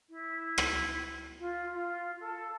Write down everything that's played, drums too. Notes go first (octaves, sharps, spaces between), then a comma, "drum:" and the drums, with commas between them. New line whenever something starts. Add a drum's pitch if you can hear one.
E4
drum: rim click
F4
F4
A4